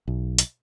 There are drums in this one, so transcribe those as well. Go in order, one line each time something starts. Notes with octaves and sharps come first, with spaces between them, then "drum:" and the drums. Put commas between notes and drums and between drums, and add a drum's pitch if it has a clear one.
B1
drum: hi-hat